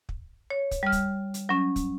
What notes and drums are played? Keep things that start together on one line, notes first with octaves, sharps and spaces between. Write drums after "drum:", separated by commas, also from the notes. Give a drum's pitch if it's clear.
drum: kick
C#5
drum: kick, hi-hat
G3 F6
drum: kick, hi-hat
drum: hi-hat
F#3 C#4
drum: kick, hi-hat